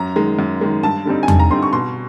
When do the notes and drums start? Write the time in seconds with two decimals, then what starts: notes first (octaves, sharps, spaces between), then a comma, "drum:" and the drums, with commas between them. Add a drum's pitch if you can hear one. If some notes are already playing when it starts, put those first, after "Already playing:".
Already playing: F#2 A#5
0.16 D#3 G#3
0.39 F#2
0.61 D#3 G#3
0.83 G2 A5
1.05 D3 G3 C4 D#4
1.23 G#5
1.28 G2 A5, drum: tom E2
1.40 A#5
1.50 D3 G3 C4 D#4 C6
1.63 C#6
1.73 B2 C6